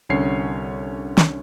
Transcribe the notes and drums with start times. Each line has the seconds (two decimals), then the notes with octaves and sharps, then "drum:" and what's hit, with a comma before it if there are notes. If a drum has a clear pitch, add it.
0.09 C2 D3 C#4 C#5 C7
1.18 drum: snare